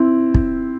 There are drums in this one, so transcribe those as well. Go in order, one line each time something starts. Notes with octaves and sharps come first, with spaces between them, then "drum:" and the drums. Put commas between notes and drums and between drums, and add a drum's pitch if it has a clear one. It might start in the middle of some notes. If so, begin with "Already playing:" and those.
Already playing: C4 E4
drum: kick